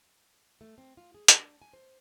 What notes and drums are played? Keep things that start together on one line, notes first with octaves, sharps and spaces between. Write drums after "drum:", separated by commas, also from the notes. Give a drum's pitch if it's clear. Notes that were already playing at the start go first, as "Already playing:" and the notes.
A3
C4
F4
G#4
D4, drum: hi-hat
G#5
C5